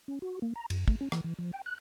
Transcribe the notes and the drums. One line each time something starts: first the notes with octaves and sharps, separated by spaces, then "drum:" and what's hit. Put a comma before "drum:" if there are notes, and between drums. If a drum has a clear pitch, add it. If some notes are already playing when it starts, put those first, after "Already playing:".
C#4
F#4
A#3
A#5
F#2, drum: cymbal
A3, drum: kick
C#4
E3, drum: rim click
E3
F3
G5
F#6